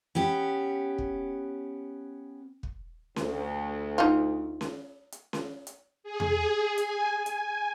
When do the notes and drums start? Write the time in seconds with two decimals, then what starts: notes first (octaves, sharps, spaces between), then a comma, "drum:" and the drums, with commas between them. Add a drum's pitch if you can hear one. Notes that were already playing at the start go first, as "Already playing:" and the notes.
0.15 B3 C#4 G4
0.98 drum: kick
2.63 drum: kick
3.16 D2, drum: snare C#4
3.98 D#4 F4
4.61 drum: snare C#4
5.12 drum: hi-hat
5.33 drum: snare C#4
5.67 drum: hi-hat
6.04 G#4
6.20 drum: tom E2
6.78 G#5, drum: hi-hat
7.26 G#5, drum: hi-hat